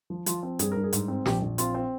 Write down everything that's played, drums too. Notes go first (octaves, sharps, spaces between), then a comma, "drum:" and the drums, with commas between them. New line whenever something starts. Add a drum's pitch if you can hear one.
F3
F3 F4, drum: hi-hat
C4
G2 G#4, drum: hi-hat
G2 A#4
G#4
G#2, drum: hi-hat
C4
A#1 G4, drum: snare
A#1
C4 F4, drum: hi-hat
C4